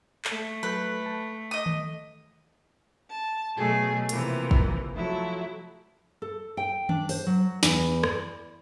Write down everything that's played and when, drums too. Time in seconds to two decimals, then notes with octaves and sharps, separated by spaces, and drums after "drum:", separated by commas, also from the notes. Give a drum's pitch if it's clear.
0.25 A3, drum: clap
0.63 F#3 A4 B4 G6
1.06 A5
1.51 D#5 D#6
1.66 drum: tom D#3
3.10 A5
3.57 B2 F#3 A3 G#4 A4
4.09 C3 E3 F3 A#3, drum: hi-hat
4.51 drum: kick
4.94 F3 F#3 A3 E4
6.22 A4
6.57 G5
6.89 D4, drum: tom D#3
7.09 C5, drum: open hi-hat
7.27 F#3
7.63 E2, drum: snare
8.03 D5, drum: rim click